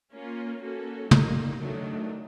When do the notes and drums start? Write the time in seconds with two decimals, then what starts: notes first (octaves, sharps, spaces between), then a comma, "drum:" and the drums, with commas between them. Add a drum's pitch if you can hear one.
0.12 A#3 C#4 F4
0.61 A#3 C#4 F#4 A4
1.11 G3 A#3 D#4, drum: tom
1.60 D#3 F#3 A3 D4